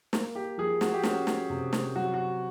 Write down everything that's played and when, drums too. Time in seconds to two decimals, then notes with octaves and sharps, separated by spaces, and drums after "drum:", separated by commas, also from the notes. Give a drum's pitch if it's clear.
0.13 A#3, drum: snare
0.35 G4
0.58 F3 G#4
0.81 F#4, drum: snare
0.94 G4
1.03 C#4 F#4, drum: snare
1.27 drum: snare
1.50 C3
1.73 drum: snare
1.96 F#3 F#4
2.14 F#4